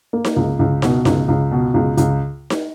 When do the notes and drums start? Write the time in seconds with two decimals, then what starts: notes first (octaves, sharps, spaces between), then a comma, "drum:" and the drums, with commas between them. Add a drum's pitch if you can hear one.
0.13 A#3
0.25 drum: snare D#4
0.36 C#2
0.59 C#2
0.82 B2, drum: snare D#4
1.05 C#2, drum: snare D#4
1.28 C#2
1.51 B2
1.74 C#2
1.97 C#2, drum: hi-hat
2.50 drum: snare D#4